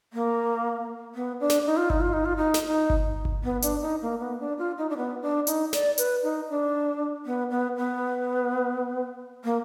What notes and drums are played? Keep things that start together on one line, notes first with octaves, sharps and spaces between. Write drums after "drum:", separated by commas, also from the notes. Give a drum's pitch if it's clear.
A#3
B3
D4
drum: snare
D#4
F4
D#4, drum: kick G1
F4
D#4
F4
D#4
drum: snare
D#4
drum: kick G1
drum: kick G1
B3
D4, drum: hi-hat
D#4
A#3
B3
D4
F4
D#4
D4
B3
D4
D#4, drum: hi-hat
D5, drum: snare
B4, drum: hi-hat
D#4
D4
B3
B3
B3
A#3